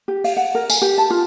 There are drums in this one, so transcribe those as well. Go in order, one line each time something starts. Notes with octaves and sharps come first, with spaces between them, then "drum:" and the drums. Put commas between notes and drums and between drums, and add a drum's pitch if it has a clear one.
G4
F5, drum: open hi-hat
F#5
A#4
G#5, drum: tambourine
G4
A5
F4